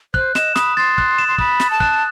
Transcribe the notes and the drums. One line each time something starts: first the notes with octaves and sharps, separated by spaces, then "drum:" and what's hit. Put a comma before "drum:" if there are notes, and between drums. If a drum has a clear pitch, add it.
C5 F#6, drum: kick
D#5 E7, drum: snare
B5 D#6, drum: snare
C6 A6
F#6, drum: kick
E7
C6
B5 D#6, drum: kick
A6, drum: snare
A5
F#6, drum: kick